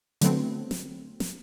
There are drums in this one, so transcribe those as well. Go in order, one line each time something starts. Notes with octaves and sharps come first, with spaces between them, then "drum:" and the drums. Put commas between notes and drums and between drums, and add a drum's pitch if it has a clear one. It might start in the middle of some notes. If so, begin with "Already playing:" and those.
D3 F#3 A3 B3 C4, drum: hi-hat
drum: snare
drum: snare